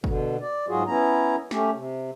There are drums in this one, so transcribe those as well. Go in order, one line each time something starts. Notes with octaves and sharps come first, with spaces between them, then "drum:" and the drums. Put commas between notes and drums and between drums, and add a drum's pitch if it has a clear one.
B2 D3, drum: kick
D5
G#2 F#3 F4 F#4 G#4
B3 C#4 E4 A#5
A3 C#4 G4, drum: snare
C3